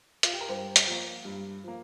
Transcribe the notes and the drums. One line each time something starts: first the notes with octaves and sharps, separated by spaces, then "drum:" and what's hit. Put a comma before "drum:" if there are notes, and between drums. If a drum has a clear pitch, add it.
F4, drum: hi-hat
G4
A#4
G2 G4 C5
drum: hi-hat
F3 A#3
G2
F3 A#3